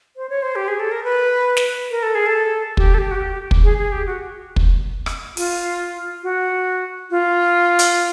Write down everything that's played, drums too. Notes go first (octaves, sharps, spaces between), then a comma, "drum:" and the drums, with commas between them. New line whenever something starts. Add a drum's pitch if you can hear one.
C5
C#5
C5
G4
G#4
A4
A#4
B4
drum: snare
A#4
A4
G#4
A4
G4, drum: kick
A4
G4
F#4
G4
drum: kick
G#4
G#4
G4
F#4
drum: kick
drum: rim click
F4, drum: open hi-hat
F#4
F4
drum: hi-hat